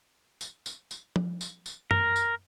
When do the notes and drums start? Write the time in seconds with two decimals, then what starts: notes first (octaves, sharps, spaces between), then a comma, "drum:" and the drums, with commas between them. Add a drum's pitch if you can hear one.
0.41 drum: tambourine
0.66 drum: tambourine
0.91 drum: tambourine
1.16 drum: tom F3
1.41 drum: tambourine
1.66 drum: tambourine
1.91 A#4, drum: tom F#2
2.16 drum: tambourine